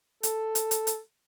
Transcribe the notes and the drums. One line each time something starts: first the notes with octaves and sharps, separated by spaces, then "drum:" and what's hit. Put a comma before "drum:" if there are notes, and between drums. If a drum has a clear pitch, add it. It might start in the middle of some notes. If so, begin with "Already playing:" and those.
A4, drum: hi-hat
drum: hi-hat
drum: hi-hat
drum: hi-hat